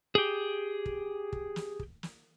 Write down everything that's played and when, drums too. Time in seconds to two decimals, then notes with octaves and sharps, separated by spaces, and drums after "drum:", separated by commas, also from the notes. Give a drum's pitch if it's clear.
0.15 G4 G#4
0.86 drum: kick
1.33 drum: kick
1.56 drum: snare
1.79 drum: kick
2.03 drum: snare